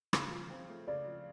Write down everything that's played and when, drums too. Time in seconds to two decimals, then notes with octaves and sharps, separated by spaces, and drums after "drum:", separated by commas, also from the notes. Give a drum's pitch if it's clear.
0.13 C#3, drum: rim click
0.31 F3
0.50 C4
0.69 A3
0.87 C#3 D5
1.07 F3